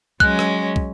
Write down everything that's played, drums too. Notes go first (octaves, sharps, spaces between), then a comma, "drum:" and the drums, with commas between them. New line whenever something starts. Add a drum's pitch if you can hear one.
F#3 G#3 C#4 F#6, drum: kick
drum: rim click
drum: kick